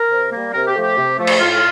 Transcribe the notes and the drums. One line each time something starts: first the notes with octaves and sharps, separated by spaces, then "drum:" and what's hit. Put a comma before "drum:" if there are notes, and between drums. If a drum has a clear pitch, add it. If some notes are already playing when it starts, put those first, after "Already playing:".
Already playing: A#4
C3
G3 A#3
C3 A#4
G4
F3 A3
G4
C3
F3 A3
drum: cymbal
A2 F4